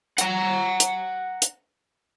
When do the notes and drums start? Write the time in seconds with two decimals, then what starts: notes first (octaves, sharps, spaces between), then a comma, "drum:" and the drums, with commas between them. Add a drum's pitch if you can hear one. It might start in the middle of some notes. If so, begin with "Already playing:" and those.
0.18 F#5 A#5, drum: hi-hat
0.80 drum: hi-hat
1.42 drum: hi-hat